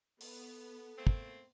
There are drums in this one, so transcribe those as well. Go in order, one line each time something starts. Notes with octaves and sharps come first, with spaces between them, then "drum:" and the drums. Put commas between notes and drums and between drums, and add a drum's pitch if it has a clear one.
B3 A4, drum: open hi-hat
A3 A#3 C4
drum: kick